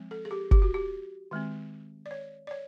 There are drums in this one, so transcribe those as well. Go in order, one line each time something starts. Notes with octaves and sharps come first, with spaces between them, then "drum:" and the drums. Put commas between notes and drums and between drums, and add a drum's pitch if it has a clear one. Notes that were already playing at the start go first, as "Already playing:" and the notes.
Already playing: F3 G#3 C4
A4
G#4
G4
G4, drum: kick F#1
F#4
G4
D#3 G#3 C4
D5
C#5
D5
C#5